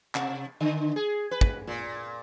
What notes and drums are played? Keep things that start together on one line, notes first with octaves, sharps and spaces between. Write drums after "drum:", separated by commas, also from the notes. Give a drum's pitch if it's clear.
C3, drum: clap
D3
G#4
B4
drum: kick
A#2